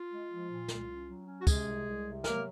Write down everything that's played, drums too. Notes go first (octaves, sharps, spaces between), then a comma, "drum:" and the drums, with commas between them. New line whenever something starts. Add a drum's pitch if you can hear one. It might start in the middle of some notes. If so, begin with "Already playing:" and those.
Already playing: F4
G#3
F3
A#2
C2, drum: snare
C#4
F#3
C#4
F#4
C3 G#3 G#4, drum: kick, tambourine
C2
C2
C3
F#3 A#3 A#4, drum: snare